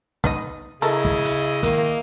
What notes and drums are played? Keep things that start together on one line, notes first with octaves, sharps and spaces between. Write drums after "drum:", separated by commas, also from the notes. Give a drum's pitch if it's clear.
B3 D#4 D#5, drum: kick
C#3 E4 A4 A#4 D#5, drum: hi-hat
drum: kick
drum: hi-hat
D#3 A#3, drum: kick, hi-hat